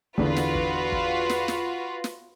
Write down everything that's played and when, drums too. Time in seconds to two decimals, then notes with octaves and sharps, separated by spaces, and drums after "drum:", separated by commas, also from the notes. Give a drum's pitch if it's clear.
0.18 E2 D3 F4 F#4 B4, drum: kick
0.36 drum: snare
0.55 drum: kick
0.92 drum: kick
1.29 drum: snare
1.48 drum: snare
2.04 drum: snare